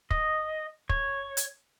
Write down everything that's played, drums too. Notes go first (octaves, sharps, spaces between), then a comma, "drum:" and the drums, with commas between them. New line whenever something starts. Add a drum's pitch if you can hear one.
D#5, drum: kick
C#5, drum: kick
drum: hi-hat